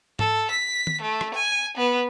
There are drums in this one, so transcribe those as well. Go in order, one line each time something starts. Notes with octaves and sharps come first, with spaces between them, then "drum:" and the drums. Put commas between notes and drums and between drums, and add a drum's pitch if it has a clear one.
A4, drum: tom G#2
B6
drum: tom D#3
A3
drum: rim click
G#5
B3